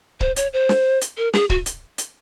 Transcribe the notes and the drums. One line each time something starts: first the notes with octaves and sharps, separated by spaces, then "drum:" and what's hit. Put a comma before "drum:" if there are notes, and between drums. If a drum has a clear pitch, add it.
C5, drum: kick C#1
C#5, drum: hi-hat
C5
drum: snare
drum: hi-hat
A#4
G#4, drum: snare
F#4, drum: kick C#1
drum: hi-hat
drum: hi-hat